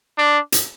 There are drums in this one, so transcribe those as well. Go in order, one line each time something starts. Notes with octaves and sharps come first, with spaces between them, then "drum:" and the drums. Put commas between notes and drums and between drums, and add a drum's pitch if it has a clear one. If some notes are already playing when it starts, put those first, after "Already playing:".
D4
drum: hi-hat